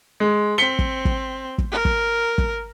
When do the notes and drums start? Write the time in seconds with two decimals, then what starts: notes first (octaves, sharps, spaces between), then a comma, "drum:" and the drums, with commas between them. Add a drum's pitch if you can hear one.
0.20 G#3
0.58 C4 B6 C#7 G7
0.79 drum: kick
1.05 drum: kick
1.58 drum: kick
1.72 A#4
1.85 drum: kick
2.38 drum: kick